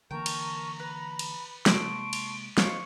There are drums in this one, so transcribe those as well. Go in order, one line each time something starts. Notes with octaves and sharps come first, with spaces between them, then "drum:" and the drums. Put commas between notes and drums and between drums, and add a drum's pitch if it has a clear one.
D3 E3 A#3 A#4 G5 A5 A#5 C#6
drum: cymbal
B4 B5
drum: cymbal
C3 G#3 A#3 A5 C6 C#6 D7, drum: snare
drum: cymbal
C5 C#5 D#5 F5 C6 D6, drum: snare